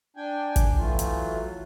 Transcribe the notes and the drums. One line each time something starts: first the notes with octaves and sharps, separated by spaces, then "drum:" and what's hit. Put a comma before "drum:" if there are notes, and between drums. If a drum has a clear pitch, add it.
D4 G5 G#5
drum: kick, hi-hat
E3 F#3 A3 F4
drum: hi-hat